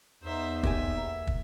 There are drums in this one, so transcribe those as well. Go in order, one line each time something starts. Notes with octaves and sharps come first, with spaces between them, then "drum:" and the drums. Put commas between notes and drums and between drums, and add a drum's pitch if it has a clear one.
E2 B3 D#4 C5 E5
A#3 G4 E5 G#5, drum: kick
drum: kick